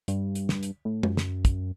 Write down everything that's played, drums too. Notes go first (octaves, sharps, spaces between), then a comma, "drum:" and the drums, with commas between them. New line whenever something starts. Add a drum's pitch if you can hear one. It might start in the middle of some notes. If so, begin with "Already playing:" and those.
G2, drum: hi-hat
drum: hi-hat
drum: snare
drum: hi-hat
A2
F#2, drum: tom G#3
drum: snare
drum: kick, hi-hat